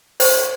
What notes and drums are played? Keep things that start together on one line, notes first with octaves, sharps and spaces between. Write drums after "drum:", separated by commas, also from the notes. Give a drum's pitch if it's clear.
C5, drum: open hi-hat